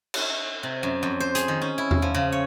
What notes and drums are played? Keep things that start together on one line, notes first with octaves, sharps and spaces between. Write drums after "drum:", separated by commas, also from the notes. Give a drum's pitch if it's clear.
drum: cymbal
C3
F#2
F2
C5
G#4, drum: hi-hat
D#3
C#4
E4
drum: tom E2
F3
C#3
C#5